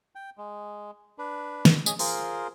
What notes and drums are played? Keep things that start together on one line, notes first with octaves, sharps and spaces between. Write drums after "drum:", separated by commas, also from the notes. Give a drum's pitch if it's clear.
G5
G#3
D4 B4
drum: snare
C#4 G#4 D#5, drum: tambourine
F4 G#4 A#4 C5, drum: open hi-hat